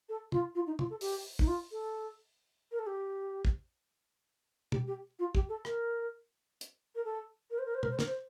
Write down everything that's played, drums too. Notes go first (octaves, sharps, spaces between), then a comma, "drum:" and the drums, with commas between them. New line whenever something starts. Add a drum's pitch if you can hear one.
A4
F4, drum: tom
F4
D#4
F4, drum: tom
A4
G4, drum: open hi-hat
D#4, drum: kick
F4
A4
A#4
A4
G4
drum: kick
G4, drum: tom
G4
F4
G4, drum: kick
A4
A#4, drum: rim click
drum: hi-hat
A#4
A4
A#4
C5
A#4
C5
A#4, drum: tom
C5
A#4, drum: snare
C5